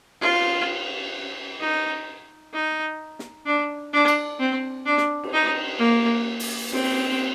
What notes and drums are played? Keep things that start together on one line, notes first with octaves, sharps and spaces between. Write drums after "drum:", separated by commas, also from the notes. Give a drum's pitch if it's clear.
F4, drum: cymbal
D#4
D#4
drum: snare
D4
D4
drum: cymbal
C4
D4
drum: snare
drum: cymbal
D#4
A#3
drum: open hi-hat
C4, drum: cymbal